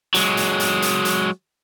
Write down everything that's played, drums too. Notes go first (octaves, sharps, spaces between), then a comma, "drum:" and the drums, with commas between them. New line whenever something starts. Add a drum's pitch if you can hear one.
F#3 G#3, drum: hi-hat
drum: hi-hat
drum: hi-hat
drum: hi-hat
drum: hi-hat